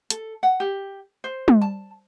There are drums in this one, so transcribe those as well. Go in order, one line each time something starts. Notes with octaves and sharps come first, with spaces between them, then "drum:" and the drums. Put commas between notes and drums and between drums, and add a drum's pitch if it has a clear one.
A4, drum: hi-hat
F#5
G4
C5
drum: tom
A5